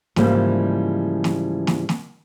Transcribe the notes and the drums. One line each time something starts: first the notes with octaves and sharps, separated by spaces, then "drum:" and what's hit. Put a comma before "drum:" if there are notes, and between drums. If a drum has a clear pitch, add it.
G#2 C#3 E3 F3 G3 A#3, drum: snare
drum: snare
drum: snare
drum: snare